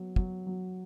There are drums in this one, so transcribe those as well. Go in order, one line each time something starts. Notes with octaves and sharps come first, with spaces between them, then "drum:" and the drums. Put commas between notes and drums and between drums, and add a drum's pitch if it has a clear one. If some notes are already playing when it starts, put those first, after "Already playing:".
Already playing: F#3 B3
F#3, drum: kick
F#3